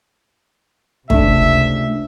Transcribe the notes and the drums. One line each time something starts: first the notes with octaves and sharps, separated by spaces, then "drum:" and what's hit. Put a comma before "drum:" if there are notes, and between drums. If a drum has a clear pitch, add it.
C#2 C3 A3 D4 E5, drum: kick